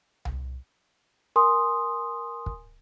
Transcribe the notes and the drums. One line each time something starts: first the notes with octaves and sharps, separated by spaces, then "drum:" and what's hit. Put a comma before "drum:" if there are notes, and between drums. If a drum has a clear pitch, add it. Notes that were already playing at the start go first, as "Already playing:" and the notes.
drum: tom C2
A#4 G#5 C6 D#6
drum: kick